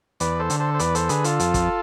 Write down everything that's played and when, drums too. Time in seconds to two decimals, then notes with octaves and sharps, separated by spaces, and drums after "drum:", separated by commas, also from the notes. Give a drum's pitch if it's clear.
0.20 E2 B4 D5, drum: hi-hat
0.39 A4 C5
0.50 D3, drum: hi-hat
0.60 A4 C5
0.74 C5
0.79 E2 B4 D5, drum: hi-hat
0.95 A4 C5, drum: hi-hat
1.09 D3 G#4 B4, drum: hi-hat
1.24 F4 A4, drum: hi-hat
1.40 F2, drum: hi-hat
1.54 drum: kick, hi-hat